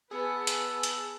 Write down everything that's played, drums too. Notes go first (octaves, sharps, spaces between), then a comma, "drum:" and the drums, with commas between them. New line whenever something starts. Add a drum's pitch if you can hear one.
B3 G#4 B4 F#5 A5 E6
drum: hi-hat
drum: hi-hat